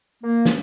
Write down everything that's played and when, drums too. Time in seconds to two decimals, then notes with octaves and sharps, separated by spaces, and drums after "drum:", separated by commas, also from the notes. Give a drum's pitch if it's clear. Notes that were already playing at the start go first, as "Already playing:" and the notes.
0.24 A#3
0.46 drum: snare